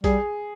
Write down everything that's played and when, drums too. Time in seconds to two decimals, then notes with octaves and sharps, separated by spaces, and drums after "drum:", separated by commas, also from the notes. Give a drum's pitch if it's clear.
0.04 G3 G#4, drum: kick A#1, hi-hat